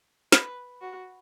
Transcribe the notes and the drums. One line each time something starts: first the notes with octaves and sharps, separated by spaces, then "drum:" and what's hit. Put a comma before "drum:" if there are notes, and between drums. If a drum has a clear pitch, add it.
B4, drum: snare
F#4